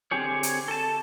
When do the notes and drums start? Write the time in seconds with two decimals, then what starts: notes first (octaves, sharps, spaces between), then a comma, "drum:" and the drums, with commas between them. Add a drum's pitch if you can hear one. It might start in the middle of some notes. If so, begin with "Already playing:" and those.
0.11 D3 C4 G4 G#4 C#5
0.43 drum: hi-hat
0.68 A4 A5